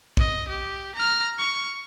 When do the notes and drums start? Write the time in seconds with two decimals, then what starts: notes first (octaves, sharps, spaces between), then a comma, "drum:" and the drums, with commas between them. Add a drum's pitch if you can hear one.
0.17 D#5, drum: kick
0.48 G4
0.95 A#5 F6
1.38 C#6